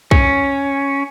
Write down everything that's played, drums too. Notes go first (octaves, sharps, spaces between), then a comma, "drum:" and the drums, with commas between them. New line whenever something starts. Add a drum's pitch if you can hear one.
C#4, drum: kick B1